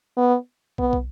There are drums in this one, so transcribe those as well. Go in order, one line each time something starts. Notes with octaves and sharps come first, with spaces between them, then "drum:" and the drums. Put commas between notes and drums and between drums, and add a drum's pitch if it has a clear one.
B3
B3, drum: kick
drum: kick